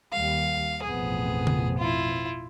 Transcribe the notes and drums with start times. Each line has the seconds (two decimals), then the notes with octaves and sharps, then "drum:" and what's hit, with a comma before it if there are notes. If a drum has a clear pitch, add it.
0.13 D#2 G3 F5
0.83 A1 F2 B2 B3 G#4
1.47 drum: tom C#3
1.78 E4 F4